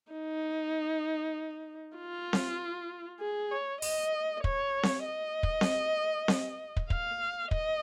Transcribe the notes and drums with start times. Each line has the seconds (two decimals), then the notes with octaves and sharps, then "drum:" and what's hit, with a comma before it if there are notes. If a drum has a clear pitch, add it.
0.12 D#4
1.97 F4
2.33 drum: snare C4
3.20 G#4
3.51 C#5
3.82 D#5, drum: open hi-hat
4.44 C#5, drum: kick
4.83 drum: snare C4
5.05 D#5
5.43 drum: kick
5.61 drum: snare C4
6.28 drum: snare C4
6.76 drum: kick
6.90 F5, drum: kick
7.51 D#5, drum: kick